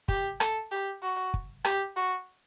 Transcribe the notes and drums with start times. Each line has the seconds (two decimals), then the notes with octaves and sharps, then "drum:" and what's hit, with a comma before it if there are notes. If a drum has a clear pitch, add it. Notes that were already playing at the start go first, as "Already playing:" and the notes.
0.08 G4, drum: kick
0.40 A4, drum: rim click
0.71 G4
1.02 F#4
1.34 drum: kick
1.65 G4, drum: rim click
1.96 F#4